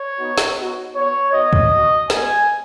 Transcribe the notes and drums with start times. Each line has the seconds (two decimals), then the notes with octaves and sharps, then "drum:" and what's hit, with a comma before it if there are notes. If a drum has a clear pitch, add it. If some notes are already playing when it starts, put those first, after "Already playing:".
Already playing: C#5
0.18 B3 D#4 F#4
0.38 drum: snare
0.57 B3 D#4 F#4
0.95 B3 F#4 C#5
1.33 B3 D#4 F#4 D#5
1.53 drum: kick
1.72 B3 F#4
2.10 G#3 B3 F#4 G#5, drum: snare